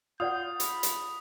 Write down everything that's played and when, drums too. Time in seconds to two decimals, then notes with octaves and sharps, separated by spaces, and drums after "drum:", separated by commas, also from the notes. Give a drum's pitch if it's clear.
0.20 F4 F#4 D5 F#5 D#6 G6
0.60 B5, drum: hi-hat
0.83 drum: hi-hat